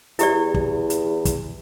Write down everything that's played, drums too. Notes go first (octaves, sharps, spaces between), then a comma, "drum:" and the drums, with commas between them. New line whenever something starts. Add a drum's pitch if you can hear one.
E2 E4 G4 D5, drum: hi-hat
drum: kick
drum: hi-hat
drum: kick, hi-hat